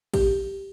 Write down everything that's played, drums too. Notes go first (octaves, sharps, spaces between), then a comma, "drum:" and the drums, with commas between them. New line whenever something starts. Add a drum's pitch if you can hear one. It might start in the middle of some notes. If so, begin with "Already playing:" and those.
G4, drum: kick A1, cymbal